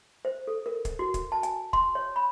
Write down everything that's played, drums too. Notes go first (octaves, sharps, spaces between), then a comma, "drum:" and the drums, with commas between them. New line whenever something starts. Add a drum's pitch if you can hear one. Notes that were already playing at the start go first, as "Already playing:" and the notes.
C5
A4
A#4
drum: kick, hi-hat
F#4
drum: kick, hi-hat
A5
G#5, drum: hi-hat
C6, drum: kick
C#5
B5